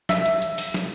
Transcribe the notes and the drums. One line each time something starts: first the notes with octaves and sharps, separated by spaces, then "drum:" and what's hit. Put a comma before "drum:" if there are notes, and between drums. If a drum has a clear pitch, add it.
E5, drum: snare
drum: hi-hat
drum: hi-hat
drum: open hi-hat
drum: snare